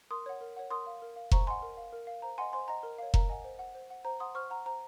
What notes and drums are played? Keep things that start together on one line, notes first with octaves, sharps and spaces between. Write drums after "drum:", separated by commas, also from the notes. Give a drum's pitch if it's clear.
A#4 C6 D#6
C#5 F#5
A#4
C#5 F#5
A#4 C6 D#6
F5
A#4
F5
C5 A#5 C#6, drum: kick F1
D#5 F#5 G#5 C6
A#4
F5
A#4
F5
C5 A#5
D#5 F#5 G#5 C6
C5 G#5 C6
D#5 F#5 A#5
A#4
C#5 F5
A#4 A#5, drum: kick F1
D#5 F#5 G#5
C5
F#5
C5
F#5
C5 A#5
F#5 C6 D#6
C5 C#6 F6
F#5 A#5
C5 A#5